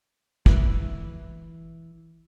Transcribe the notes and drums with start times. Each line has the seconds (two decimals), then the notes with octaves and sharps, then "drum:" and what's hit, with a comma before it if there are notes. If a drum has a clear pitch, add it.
0.46 E3 E4 B4, drum: kick